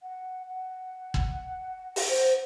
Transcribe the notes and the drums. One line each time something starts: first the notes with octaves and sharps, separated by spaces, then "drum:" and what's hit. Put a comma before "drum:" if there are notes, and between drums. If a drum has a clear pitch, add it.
F#5
F#5
drum: kick
drum: open hi-hat
C5